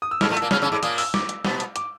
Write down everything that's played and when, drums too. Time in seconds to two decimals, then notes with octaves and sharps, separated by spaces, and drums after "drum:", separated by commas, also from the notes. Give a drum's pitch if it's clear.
0.02 D#6
0.11 E6
0.21 G#2 G#3 F6, drum: snare
0.30 A2 A3
0.37 E6, drum: hi-hat
0.42 A#2 A#3
0.51 C#3 C#4 F6, drum: snare
0.62 C#3 C#4 E6
0.72 G#2 G#3 D6
0.83 A#2 A#3 D#6, drum: hi-hat
0.98 E6, drum: open hi-hat
1.14 D6, drum: snare
1.29 drum: hi-hat
1.45 B2 B3, drum: snare
1.60 drum: hi-hat
1.76 D6, drum: hi-hat